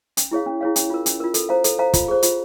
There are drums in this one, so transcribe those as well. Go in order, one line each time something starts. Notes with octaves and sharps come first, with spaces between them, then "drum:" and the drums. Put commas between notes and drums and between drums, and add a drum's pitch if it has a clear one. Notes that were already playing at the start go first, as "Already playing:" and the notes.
C#4, drum: hi-hat
E4 G#4 C#5 F5
C#4
E4 G#4 C#5 F5
C#4, drum: hi-hat
F4 A#4
C#4, drum: hi-hat
F4 A#4
A4, drum: hi-hat
C5 F5 A#5
A4, drum: hi-hat
C5 F5 A#5
F4, drum: kick, hi-hat
G#4 C5
F4, drum: hi-hat